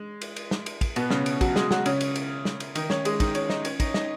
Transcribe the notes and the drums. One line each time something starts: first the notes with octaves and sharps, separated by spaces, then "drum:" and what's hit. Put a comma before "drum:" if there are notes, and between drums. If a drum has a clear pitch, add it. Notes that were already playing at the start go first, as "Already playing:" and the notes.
Already playing: G#3
drum: cymbal
drum: cymbal
drum: snare
drum: cymbal
drum: kick, cymbal
B2 B3, drum: cymbal
C#3 C#4, drum: snare
drum: cymbal
F#3 F#4, drum: kick, cymbal
G#3 G#4, drum: snare
F#3 F#4, drum: snare
C#3 C#4, drum: cymbal
drum: cymbal
drum: cymbal
drum: snare
drum: cymbal
D#3 D#4, drum: cymbal
C#4 C#5, drum: snare
G#3 G#4, drum: cymbal
D#3 D#4, drum: kick, cymbal
C#4 C#5, drum: cymbal
D#4 D#5, drum: snare
C#4 C#5, drum: cymbal
D#4 D#5, drum: kick, cymbal
D#4 D#5, drum: snare